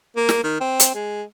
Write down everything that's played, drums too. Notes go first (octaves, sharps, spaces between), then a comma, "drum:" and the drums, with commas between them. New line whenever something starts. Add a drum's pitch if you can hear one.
A#3
drum: snare
D#3
C4
drum: hi-hat
G#3